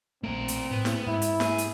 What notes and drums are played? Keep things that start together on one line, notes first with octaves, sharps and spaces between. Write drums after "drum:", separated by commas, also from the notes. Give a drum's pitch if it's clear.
A#1 B2 A3 C4 A#4
drum: hi-hat
A2 B3
drum: snare
G#2 E4
drum: hi-hat
G#4, drum: snare
drum: hi-hat